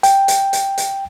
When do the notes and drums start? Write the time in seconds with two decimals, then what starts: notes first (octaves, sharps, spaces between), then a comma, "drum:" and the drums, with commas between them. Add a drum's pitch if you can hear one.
0.03 G5, drum: hi-hat
0.28 drum: hi-hat
0.53 drum: hi-hat
0.78 drum: hi-hat